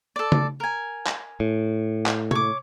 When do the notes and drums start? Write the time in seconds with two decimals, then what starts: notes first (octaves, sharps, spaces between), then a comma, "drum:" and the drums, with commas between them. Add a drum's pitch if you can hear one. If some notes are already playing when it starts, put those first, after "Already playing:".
0.16 A4 D5
0.32 drum: tom C#3
0.60 A#4 G#5
1.07 drum: clap
1.40 A2
2.06 drum: clap
2.31 C#5 D6, drum: tom